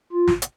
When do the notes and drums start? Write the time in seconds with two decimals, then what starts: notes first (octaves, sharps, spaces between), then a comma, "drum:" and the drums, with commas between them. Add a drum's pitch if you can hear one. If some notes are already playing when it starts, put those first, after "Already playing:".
0.13 F4
0.28 drum: snare
0.42 drum: hi-hat